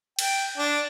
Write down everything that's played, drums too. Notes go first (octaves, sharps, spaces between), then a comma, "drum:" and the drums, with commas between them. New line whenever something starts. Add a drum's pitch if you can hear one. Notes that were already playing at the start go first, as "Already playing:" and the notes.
G5, drum: cymbal
D4